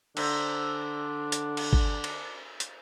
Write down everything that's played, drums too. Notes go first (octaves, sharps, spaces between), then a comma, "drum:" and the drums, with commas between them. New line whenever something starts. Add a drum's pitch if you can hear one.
D3 D4 C5 E5 A#5, drum: cymbal
drum: hi-hat
drum: cymbal
drum: kick
drum: cymbal
drum: hi-hat